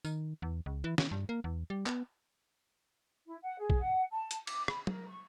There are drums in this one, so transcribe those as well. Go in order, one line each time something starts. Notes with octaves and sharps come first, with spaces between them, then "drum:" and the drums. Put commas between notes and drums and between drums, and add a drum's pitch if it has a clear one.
D#3, drum: tambourine
E2
C#2
E3
C#4, drum: snare
G2
A#3
E2
G3
B3, drum: clap
E4
F#5
G#4
drum: kick
F#5
A5
drum: hi-hat
D6, drum: cymbal
B5, drum: rim click
A#4, drum: tom F#3
C#6